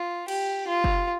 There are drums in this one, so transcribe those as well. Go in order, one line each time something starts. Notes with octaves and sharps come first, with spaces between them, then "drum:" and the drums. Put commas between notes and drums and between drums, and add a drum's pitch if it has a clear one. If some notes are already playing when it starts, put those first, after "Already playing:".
Already playing: F4
G4, drum: cymbal
F4
drum: kick